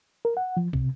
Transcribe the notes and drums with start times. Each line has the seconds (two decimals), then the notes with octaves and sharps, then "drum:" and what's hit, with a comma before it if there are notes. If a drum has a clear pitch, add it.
0.25 A#4
0.37 F#5
0.57 F3
0.73 C3, drum: kick